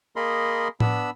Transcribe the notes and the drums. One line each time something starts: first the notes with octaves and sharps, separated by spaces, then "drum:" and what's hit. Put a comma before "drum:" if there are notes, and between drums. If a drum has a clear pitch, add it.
A#3 G#4 A#4 D#5 B5 C6
B3 D4 B5 E6, drum: tom A2